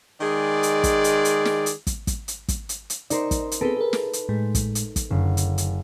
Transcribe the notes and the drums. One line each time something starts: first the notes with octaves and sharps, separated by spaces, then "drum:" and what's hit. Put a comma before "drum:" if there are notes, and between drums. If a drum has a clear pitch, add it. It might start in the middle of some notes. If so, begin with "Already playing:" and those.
D#3 G#3 G#4 D5
drum: hi-hat
drum: kick, hi-hat
drum: hi-hat
drum: hi-hat
drum: snare
drum: hi-hat
drum: kick, hi-hat
drum: kick, hi-hat
drum: hi-hat
drum: kick, hi-hat
drum: hi-hat
drum: hi-hat
D#4 A#4 C5 D5, drum: hi-hat
drum: kick, hi-hat
drum: hi-hat
B3 C4 G#4 A4 B4
G#4 A#4
drum: snare
drum: hi-hat
A2 G#3
drum: kick, hi-hat
drum: hi-hat
drum: kick, hi-hat
F#1 D3
drum: hi-hat
drum: hi-hat